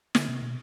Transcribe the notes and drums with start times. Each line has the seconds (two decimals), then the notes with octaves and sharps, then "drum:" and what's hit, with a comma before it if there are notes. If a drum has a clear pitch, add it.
0.15 D3, drum: snare
0.29 C3
0.42 B2